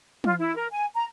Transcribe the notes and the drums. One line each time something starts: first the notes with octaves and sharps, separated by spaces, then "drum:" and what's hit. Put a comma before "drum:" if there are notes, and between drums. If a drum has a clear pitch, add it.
F4, drum: tom
E4
A#4
G#5
A#5